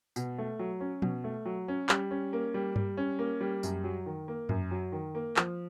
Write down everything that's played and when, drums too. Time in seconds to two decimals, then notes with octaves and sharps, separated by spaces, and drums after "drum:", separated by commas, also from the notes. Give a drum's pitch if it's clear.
0.16 B2, drum: tambourine
0.38 A3
0.59 F#3
0.80 C#4
1.02 B2, drum: tom F3
1.24 A3
1.45 F#3
1.68 C#4
1.89 G3, drum: clap
2.11 C#4
2.33 A#3
2.54 G3
2.76 G3, drum: tom G2
2.97 C#4
3.19 A#3
3.41 G3
3.63 F#2, drum: tambourine
3.84 F#3
4.06 D#3
4.28 A#3
4.49 F#2, drum: tom G2
4.71 F#3
4.92 D#3
5.15 A#3
5.36 F3, drum: clap